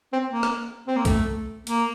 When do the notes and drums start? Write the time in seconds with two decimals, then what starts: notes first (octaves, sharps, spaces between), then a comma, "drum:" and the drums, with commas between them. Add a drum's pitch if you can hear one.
0.13 C4
0.28 A#3
0.43 drum: rim click
0.87 C4
0.96 A#3
1.05 A3, drum: kick B1, hi-hat
1.67 A#3, drum: hi-hat